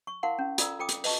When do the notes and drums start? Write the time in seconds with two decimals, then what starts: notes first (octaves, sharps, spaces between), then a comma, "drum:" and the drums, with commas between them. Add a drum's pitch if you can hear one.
0.07 C#6
0.23 E4 A#4 F5 F#5 C6
0.39 C#4
0.58 F4 A4 D5 A#5 E6, drum: hi-hat
0.79 F4 A4 G5 D6 D#6
0.89 drum: hi-hat
1.04 B4 D#5 A5 C#6, drum: open hi-hat